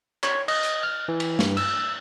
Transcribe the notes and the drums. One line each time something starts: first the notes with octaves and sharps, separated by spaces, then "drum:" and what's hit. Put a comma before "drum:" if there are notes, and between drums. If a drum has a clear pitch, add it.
C#5, drum: clap
D#5, drum: cymbal
drum: hi-hat
F6
E3
drum: cymbal
G2, drum: snare
E6, drum: cymbal